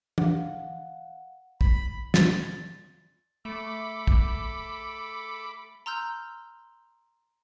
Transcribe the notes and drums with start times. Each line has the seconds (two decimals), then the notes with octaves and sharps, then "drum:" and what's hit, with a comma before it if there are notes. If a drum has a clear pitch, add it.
0.18 F5 F#5, drum: tom E3
1.61 B5, drum: kick
2.14 A6, drum: snare
3.45 A3 A4 B5 D6
4.07 drum: kick
5.86 A#5 C6 E6 F6 G6